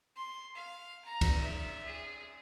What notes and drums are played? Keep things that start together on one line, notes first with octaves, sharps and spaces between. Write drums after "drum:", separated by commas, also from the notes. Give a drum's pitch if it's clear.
C6
F5
A#5
drum: kick, cymbal
E5
G#4